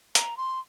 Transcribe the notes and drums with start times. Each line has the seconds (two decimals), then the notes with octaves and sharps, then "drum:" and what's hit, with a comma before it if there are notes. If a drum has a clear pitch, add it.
0.15 A#5, drum: hi-hat
0.37 C6